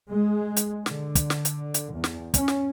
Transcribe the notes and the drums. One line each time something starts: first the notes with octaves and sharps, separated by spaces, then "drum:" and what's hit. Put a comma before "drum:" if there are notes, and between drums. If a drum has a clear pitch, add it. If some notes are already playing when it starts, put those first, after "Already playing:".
G#3
drum: hi-hat
D3, drum: snare
drum: kick, hi-hat
drum: snare
drum: hi-hat
drum: hi-hat
E2
drum: snare
C#4, drum: kick, hi-hat
drum: snare